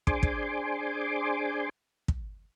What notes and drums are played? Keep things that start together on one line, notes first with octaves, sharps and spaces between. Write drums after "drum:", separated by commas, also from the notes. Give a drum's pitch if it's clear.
D4 G#4 C5 G#5 C6 D6, drum: kick
drum: kick
drum: kick